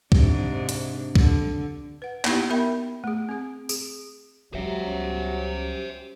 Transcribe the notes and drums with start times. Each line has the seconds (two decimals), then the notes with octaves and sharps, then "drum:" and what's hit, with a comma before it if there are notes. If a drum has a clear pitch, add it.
0.12 G#2 C3 D4, drum: kick
0.69 drum: hi-hat
1.15 D3, drum: kick
2.02 B4 F#5
2.25 A#3 B3 D#4 E4 G4, drum: clap
2.50 B3 A#4 E5 G5 B5
3.04 A3 G#4
3.29 C4 G#4
3.69 G#4, drum: tambourine
4.54 C#2 F#3 G3 C#4 G4 C5 E5